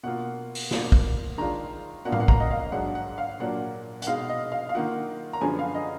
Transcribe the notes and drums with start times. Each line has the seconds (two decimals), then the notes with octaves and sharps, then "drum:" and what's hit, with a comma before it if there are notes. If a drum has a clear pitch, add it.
0.03 B2 A#3 F4 F#5
0.55 drum: open hi-hat
0.71 B2 A#3 D4 F4, drum: snare
0.92 drum: kick
1.38 D#3 G#3 D4 F4 A#5
2.05 B2 A#3 D4 F4 F#5
2.12 F5, drum: tom A2
2.20 F#5
2.28 A#5, drum: kick
2.40 D#5
2.51 F5
2.72 G#2 F#3 D4 F#5
2.95 F#5
3.18 F5
3.40 A#2 F#3 A#3 D4 F#5
4.02 F#5, drum: hi-hat
4.07 B2 G#3 D#4 F5
4.29 D#5
4.52 F5
4.69 F5
4.75 D#3 A#3 F4 F#5
5.33 A#5
5.41 F#2 D3 F3 G#3 B3 G#5
5.59 F5
5.75 D#5